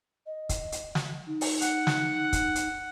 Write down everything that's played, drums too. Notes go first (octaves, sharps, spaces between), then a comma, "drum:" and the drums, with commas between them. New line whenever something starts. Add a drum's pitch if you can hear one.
D#5
drum: kick, hi-hat
drum: hi-hat
drum: snare
D#4
drum: open hi-hat
F#5, drum: hi-hat
drum: snare
drum: kick, hi-hat
drum: hi-hat